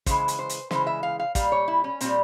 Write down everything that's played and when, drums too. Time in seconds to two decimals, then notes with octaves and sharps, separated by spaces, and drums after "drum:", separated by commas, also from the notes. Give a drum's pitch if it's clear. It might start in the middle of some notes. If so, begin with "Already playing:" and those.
0.06 C#3 E3 G#3 C5, drum: kick, hi-hat
0.28 drum: hi-hat
0.39 C5
0.49 drum: hi-hat
0.71 C#3 E3 G#3 C5, drum: snare
0.87 E5
1.03 F5
1.19 F5
1.35 A#2 G3 F5, drum: kick, hi-hat
1.52 C#5
1.68 E4
1.84 C#4
2.00 A#2 G3 C4, drum: hi-hat